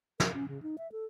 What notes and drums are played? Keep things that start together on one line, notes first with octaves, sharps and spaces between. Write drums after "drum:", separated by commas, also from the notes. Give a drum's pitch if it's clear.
A#4, drum: snare
C#4
C#3
D#4
E5
A4